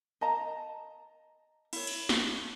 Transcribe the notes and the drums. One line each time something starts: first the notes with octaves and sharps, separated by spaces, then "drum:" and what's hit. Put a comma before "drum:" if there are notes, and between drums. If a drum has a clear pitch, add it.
D#5 A5 A#5
E4 C#5, drum: cymbal
drum: cymbal
drum: snare